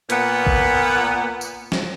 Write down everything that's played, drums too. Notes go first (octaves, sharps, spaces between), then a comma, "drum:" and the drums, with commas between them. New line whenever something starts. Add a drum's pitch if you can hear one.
A#2 B3, drum: hi-hat
drum: kick A#1
drum: tambourine
drum: snare